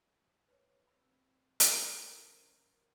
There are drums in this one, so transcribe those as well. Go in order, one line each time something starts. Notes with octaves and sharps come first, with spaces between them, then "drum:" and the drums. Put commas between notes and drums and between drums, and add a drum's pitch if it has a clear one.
B4 C#5
C4 B5 E6
drum: hi-hat
C#4 A4 A#4 C5 A#5